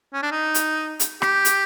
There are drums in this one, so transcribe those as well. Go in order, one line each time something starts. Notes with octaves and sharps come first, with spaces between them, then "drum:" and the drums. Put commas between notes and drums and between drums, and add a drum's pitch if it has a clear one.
C#4
D4
D#4
drum: hi-hat
drum: hi-hat
G4, drum: rim click
drum: hi-hat